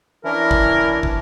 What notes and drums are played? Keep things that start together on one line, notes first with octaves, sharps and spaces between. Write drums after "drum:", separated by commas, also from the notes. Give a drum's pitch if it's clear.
E3 C#4 D4 E4 A#4
drum: kick
drum: kick